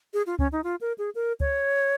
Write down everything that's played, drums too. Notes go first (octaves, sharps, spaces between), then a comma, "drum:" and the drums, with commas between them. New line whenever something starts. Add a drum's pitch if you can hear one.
G#4
F4
C#4, drum: kick C#2
D#4
F4
A#4
G#4
A#4
C#5, drum: kick C#2